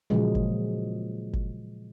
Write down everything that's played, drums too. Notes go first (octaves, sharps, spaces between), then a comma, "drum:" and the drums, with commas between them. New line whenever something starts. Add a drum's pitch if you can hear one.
A#2 C#3 F3 F#3 G#3
drum: kick G1
drum: kick G1